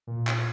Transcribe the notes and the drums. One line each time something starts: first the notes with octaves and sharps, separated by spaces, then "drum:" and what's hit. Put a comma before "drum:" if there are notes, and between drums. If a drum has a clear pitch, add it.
A#2
drum: clap